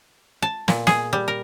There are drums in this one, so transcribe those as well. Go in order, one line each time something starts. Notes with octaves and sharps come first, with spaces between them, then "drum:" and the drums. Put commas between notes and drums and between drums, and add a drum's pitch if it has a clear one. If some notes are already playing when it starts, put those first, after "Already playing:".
A5
A#2, drum: snare
G#4, drum: snare
G3
A#4